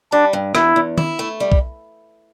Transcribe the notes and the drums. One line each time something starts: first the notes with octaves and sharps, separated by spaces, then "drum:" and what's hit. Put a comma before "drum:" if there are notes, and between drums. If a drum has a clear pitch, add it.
G3 D4
G2
E2 E4, drum: rim click
E2
E4, drum: tom D#3
A3
G3
drum: kick